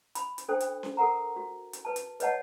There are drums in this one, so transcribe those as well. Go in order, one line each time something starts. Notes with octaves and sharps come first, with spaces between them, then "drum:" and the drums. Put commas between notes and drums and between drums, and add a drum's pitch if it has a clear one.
B5, drum: hi-hat
drum: hi-hat
D4 A4 C5 G5
drum: hi-hat
drum: snare C#4
A4 A#4 F#5 A#5
F#4
drum: hi-hat
B4 A5
drum: hi-hat
B4 C#5 D#5 F#5 A5, drum: hi-hat